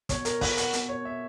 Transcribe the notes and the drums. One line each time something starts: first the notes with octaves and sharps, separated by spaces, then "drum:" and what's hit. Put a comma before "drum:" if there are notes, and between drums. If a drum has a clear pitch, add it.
B2 C#5, drum: kick, hi-hat
A#4, drum: hi-hat
B4, drum: kick, open hi-hat
F#5, drum: hi-hat
B2, drum: hi-hat
C#5
E5